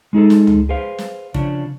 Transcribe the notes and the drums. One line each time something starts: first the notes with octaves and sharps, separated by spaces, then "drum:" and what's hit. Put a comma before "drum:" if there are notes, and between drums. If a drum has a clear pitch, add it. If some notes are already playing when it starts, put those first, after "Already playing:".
G#3 D#4 G#4 A4
drum: snare
drum: tom
G#4 B4 C5 F5
drum: snare
C#3 F3 C#4 D4, drum: kick